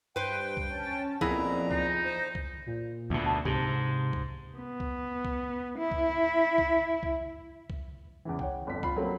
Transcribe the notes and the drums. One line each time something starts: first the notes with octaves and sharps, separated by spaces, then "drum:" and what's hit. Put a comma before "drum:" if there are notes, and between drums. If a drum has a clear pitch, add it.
G2 B4 C5 G5
drum: kick C2
C#4 A5
F2 A#2 F3 B3 E4 G#4 A#5, drum: kick C2
D#4, drum: kick C2
C5
drum: kick C2
A#2
D2 B2
A5
G#2 C3, drum: kick C2
drum: kick C2
B3
drum: kick C2
drum: kick C2
E4
drum: kick C2
drum: kick C2
drum: kick C2
drum: kick C2
E2 C#3 E3
C#5 F#5 G5, drum: kick C2
G1 F2 B6
F4 B5 C7, drum: kick C2
F#3 G3 A3 A#3 C4 C#4